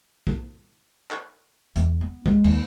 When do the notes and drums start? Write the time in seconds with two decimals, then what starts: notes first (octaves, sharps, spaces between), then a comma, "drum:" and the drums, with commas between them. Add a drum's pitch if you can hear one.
0.27 drum: kick
1.11 drum: clap
1.76 E2, drum: hi-hat
2.01 B3
2.26 G#3, drum: kick
2.44 D#2, drum: cymbal